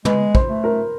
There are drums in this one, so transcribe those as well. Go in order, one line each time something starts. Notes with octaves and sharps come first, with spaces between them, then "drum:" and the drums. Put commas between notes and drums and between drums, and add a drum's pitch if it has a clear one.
G#3 B4, drum: tom
C5, drum: kick
A3
A#4